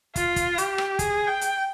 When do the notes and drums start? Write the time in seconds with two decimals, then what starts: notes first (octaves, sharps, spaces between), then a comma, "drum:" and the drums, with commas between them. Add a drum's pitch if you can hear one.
0.16 F4, drum: kick, hi-hat
0.36 drum: kick, hi-hat
0.58 G4, drum: hi-hat
0.78 drum: rim click
0.99 G#4, drum: kick, hi-hat
1.27 G5
1.41 drum: hi-hat